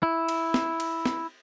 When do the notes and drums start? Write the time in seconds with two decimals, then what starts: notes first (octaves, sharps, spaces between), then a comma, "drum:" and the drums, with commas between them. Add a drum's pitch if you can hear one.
0.03 E4
0.29 drum: cymbal
0.54 drum: snare
0.80 drum: cymbal
1.06 drum: snare